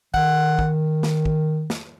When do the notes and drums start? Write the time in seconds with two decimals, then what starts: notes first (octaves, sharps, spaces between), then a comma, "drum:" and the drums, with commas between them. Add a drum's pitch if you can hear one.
0.14 D#3 F#5, drum: kick
0.59 drum: kick
1.03 drum: snare
1.25 drum: kick
1.70 drum: snare